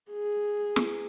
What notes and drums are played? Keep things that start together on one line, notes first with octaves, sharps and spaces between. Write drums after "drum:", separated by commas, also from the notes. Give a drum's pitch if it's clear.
G#4
drum: snare